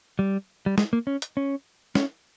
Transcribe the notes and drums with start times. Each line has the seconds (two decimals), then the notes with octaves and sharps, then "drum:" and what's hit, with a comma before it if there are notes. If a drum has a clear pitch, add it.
0.19 G3
0.66 G3
0.78 G#3, drum: snare
0.93 A#3
1.07 C#4
1.22 drum: hi-hat
1.37 C#4
1.95 C#4, drum: snare